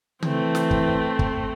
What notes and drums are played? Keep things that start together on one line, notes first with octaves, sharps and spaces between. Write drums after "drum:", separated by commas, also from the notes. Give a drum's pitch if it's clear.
E3 A3 C4, drum: tom C#3
drum: snare
drum: kick
drum: kick